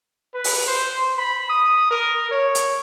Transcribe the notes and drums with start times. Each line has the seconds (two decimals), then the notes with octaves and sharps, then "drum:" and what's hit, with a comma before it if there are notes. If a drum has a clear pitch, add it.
0.34 B4
0.44 drum: open hi-hat
0.67 C5
1.18 B5
1.50 D#6
1.91 A#4
2.31 C#5
2.55 drum: hi-hat